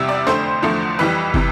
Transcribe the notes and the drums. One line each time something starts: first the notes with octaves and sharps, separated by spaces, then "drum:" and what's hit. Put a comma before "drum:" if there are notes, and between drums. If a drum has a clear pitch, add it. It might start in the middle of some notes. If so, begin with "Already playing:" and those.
Already playing: E2 C3 G3 E5
D5
F2 D3 A3 C5, drum: snare
E2 D3 F3 A3
F2 E3 G3 B4
C3 E3, drum: kick